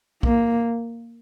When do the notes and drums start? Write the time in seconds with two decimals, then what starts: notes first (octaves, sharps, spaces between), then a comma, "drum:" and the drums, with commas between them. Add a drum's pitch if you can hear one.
0.23 A#3, drum: kick B1